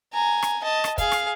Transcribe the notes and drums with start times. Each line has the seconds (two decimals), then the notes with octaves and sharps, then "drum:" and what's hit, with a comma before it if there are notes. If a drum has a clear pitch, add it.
0.13 G#5 A#5
0.43 drum: rim click
0.63 D#5 A5
0.84 drum: rim click
0.98 G#4 F5, drum: kick, hi-hat
1.12 drum: rim click